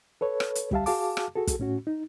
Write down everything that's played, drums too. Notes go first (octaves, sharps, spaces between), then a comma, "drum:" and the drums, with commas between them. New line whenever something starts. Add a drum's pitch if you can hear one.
A4 B4 C#5
drum: rim click
drum: hi-hat
D2 G3 G4 E5 F5 A5, drum: kick
F#4 G#4 F5 A5 D6, drum: open hi-hat
drum: rim click
F#4 G#4 A4
drum: kick, hi-hat
A2 C#4 F#4
D#4